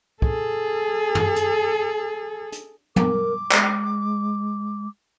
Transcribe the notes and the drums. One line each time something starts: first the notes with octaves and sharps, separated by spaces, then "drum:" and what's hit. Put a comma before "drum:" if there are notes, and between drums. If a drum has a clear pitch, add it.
G#4 A4, drum: kick
drum: tom
drum: hi-hat
drum: hi-hat
A#4 D6, drum: tom
G#3, drum: clap